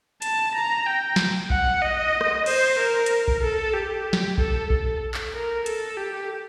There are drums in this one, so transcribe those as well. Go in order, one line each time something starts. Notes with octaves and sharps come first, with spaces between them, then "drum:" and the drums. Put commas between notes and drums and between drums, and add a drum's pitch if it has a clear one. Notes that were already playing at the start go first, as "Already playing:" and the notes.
A5, drum: hi-hat
A#5
G5
drum: snare
F#5, drum: kick A#1
D#5
drum: rim click
C5, drum: cymbal
A#4
drum: hi-hat
drum: kick A#1
A4
G4
drum: snare
A4, drum: kick A#1
A4, drum: kick A#1
drum: clap
A#4
A4, drum: hi-hat
G4